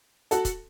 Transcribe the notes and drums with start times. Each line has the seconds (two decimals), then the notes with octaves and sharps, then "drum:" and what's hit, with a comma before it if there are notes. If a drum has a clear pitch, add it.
0.31 F#4 A4, drum: hi-hat
0.45 drum: kick, hi-hat